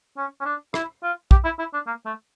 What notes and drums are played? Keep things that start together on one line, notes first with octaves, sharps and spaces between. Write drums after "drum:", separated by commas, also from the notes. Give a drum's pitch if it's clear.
C#4
C#4
D4
E4, drum: rim click
F4
G4, drum: kick
E4
E4
D4
A#3
A3